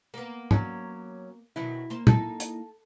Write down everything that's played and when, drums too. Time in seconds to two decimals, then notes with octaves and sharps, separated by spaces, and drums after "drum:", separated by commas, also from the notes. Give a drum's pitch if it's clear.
0.14 A#3 B3
0.51 F#3 C#4, drum: tom
1.56 B2 D#3 F#3 E4
1.90 A#3 C5
2.07 A#3 D#4 E4 A4, drum: tom
2.40 drum: hi-hat